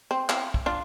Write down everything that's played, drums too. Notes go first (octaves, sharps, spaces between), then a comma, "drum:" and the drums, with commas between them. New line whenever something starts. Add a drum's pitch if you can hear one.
C4
C4 E4, drum: clap
drum: kick
D4 F4